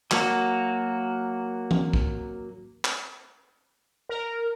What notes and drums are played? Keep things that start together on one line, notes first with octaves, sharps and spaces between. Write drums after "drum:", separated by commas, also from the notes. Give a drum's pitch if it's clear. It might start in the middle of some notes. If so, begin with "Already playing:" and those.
F#3 A#3 F#4, drum: clap
drum: tom E3
drum: kick
drum: clap
A#4